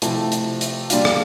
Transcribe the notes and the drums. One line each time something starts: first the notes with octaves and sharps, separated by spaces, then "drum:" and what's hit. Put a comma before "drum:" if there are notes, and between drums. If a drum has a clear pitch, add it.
C3 F3 A3 E4, drum: hi-hat
drum: hi-hat
drum: hi-hat
A#2 G3 D4 F4, drum: hi-hat
drum: rim click